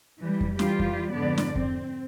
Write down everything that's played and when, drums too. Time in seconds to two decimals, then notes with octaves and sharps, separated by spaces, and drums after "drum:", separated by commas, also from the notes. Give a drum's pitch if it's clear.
0.21 E3 G3
0.41 drum: kick F2
0.59 E3 G3 F4 G4, drum: snare
0.79 drum: kick F2
1.14 F2 G#2 D3 B3 D5
1.38 drum: snare
1.56 C4, drum: kick F2